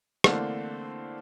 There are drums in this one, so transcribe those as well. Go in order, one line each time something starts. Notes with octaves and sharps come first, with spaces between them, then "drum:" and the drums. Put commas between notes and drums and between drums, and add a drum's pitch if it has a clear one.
D3 E3 A3 A#3 C4 D4, drum: rim click